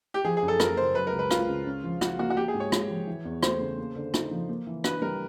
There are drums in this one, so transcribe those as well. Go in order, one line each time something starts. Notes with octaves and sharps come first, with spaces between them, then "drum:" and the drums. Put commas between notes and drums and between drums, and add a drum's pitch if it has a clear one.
G4
F3 G#4
G#4
F#2
A4
F#2 A#4, drum: rim click
C#3 C5
F#3 B4
A#4
C#2
B4
C#2 F4, drum: rim click
C#3
C#4
F3
F4 F#4, drum: rim click
A#3 F#4
F#4
A#3 G4
G#4
G#2
C#5
G#2, drum: rim click
F3
E3
E2
A3 C5, drum: rim click
C#3
A#3
D3
D#4, drum: rim click
F3
A#3
E3
D4 B4, drum: rim click
G3 A#4